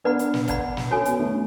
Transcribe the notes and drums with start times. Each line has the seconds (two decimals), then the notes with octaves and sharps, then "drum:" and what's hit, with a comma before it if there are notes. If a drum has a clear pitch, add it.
0.04 B3 D4 B4 D5 F#5 B5
0.19 drum: hi-hat
0.34 drum: snare
0.48 B4 D5 F#5 B5, drum: kick, hi-hat
0.77 drum: snare
0.91 C#4 F#4 A4 C#5 G#5
1.05 B3, drum: hi-hat
1.19 A3 C#4